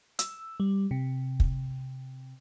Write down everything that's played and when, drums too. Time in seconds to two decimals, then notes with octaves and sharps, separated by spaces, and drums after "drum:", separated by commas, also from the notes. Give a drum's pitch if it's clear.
0.19 E6, drum: hi-hat
0.60 G3
0.91 C3
1.40 drum: kick